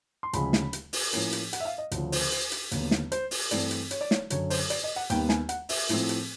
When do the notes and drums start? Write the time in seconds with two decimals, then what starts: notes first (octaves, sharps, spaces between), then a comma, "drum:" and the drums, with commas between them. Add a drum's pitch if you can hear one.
0.23 C6
0.33 D2 C#3 F3 G#3 C#4 B5, drum: hi-hat
0.53 drum: snare
0.73 drum: hi-hat
0.93 drum: open hi-hat
1.13 A2 F3 A#3 C#4, drum: hi-hat
1.32 drum: hi-hat
1.53 F#5, drum: hi-hat
1.60 E5
1.65 F5
1.78 D#5
1.91 D2 C#3 F3, drum: hi-hat
2.12 C5, drum: open hi-hat
2.32 drum: hi-hat
2.52 drum: hi-hat
2.72 D#2 D3 F#3 B3, drum: hi-hat
2.91 drum: snare
3.12 C5, drum: hi-hat
3.31 drum: open hi-hat
3.51 G2 E3 A3 C4 D5, drum: hi-hat
3.71 drum: hi-hat
3.91 C#5, drum: hi-hat
4.01 D5
4.11 C#5, drum: snare
4.30 F#2 D3 F#3 C#5, drum: hi-hat
4.50 C5, drum: open hi-hat
4.70 D5, drum: hi-hat
4.84 D#5
4.96 F#5
5.10 D#2 D#3 G3 B3 G5, drum: hi-hat
5.29 G#5, drum: snare
5.49 F#5, drum: hi-hat
5.69 E5, drum: open hi-hat
5.89 A2 F3 A3 C4, drum: hi-hat
6.09 drum: hi-hat